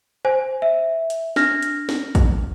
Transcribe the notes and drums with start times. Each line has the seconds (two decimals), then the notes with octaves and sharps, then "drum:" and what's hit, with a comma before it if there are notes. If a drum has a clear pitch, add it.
0.25 C5 G#5
0.62 E5
1.10 drum: hi-hat
1.36 D4 F6 A#6, drum: snare
1.63 drum: hi-hat
1.89 drum: snare
2.15 drum: kick, hi-hat